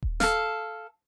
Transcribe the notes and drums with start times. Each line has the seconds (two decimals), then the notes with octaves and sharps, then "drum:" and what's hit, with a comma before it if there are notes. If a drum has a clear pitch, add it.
0.03 drum: kick D#1
0.20 A4 F5, drum: snare